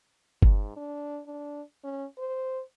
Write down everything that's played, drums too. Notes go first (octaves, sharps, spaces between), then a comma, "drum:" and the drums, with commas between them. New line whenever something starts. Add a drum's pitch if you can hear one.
G#2, drum: kick F#1
D4
D4
C#4
C5